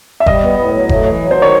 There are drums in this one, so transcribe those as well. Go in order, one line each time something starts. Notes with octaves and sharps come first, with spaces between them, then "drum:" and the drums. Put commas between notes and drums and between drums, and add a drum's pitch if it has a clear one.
E5
G3 D#5, drum: kick F#1
B3
A2
F#3
A3, drum: kick F#1
E3
F#3
C5
D#3 C#5